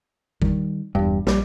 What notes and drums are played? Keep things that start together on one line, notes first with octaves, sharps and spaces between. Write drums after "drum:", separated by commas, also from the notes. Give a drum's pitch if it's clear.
D#3 G3, drum: kick
E1 E2 G2
A#1 G3, drum: snare